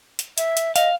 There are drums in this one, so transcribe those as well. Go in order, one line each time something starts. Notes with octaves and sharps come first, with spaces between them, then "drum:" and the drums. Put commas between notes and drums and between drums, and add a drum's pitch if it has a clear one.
drum: hi-hat
E5, drum: hi-hat
drum: hi-hat
D#5 F5, drum: hi-hat